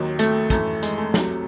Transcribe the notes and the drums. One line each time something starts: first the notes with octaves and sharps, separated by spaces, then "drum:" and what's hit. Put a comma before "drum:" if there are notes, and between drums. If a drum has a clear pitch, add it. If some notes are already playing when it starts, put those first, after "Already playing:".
Already playing: D#2 D#3 F#3
A3, drum: hi-hat
F#2 E3 A3, drum: kick, hi-hat
G#3, drum: hi-hat
A3
C2 C3 F#3, drum: snare